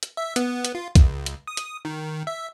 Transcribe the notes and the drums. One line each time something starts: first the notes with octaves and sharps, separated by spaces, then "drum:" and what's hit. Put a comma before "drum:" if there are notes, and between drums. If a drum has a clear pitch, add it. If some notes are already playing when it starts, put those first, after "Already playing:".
drum: hi-hat
E5
B3, drum: hi-hat
drum: hi-hat
F4
C#2, drum: kick B1, hi-hat
drum: hi-hat
D#6
drum: hi-hat
D#3
E5